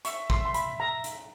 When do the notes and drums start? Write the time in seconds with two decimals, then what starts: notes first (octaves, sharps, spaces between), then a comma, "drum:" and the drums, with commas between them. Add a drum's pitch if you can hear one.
0.05 E5 C#6, drum: hi-hat
0.30 C6, drum: kick
0.45 C6
0.54 B5, drum: hi-hat
0.80 A#5
1.04 drum: hi-hat